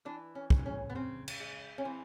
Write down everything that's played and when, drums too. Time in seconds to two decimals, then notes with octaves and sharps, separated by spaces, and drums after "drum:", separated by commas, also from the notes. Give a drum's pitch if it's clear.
0.05 E3 D4
0.35 C#4
0.50 C#3, drum: kick
0.66 C#4
0.90 B3
0.95 C#3 C4
1.28 drum: cymbal
1.40 G#3
1.78 C#4
1.85 E3 C4